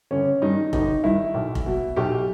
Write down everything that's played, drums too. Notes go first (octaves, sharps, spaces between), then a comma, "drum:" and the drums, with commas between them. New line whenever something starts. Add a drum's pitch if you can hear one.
G1 C#4
G2 D#3 D#4
G1 D#4, drum: kick F1
G2 D#3 E4
B1
drum: kick F1
B2
B1 G4